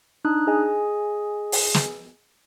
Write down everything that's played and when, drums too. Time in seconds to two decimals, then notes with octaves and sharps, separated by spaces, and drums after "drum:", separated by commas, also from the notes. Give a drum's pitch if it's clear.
0.25 D4 D#4 D#6 F#6
0.47 G#4 D#5 G#5
1.52 drum: open hi-hat
1.74 drum: snare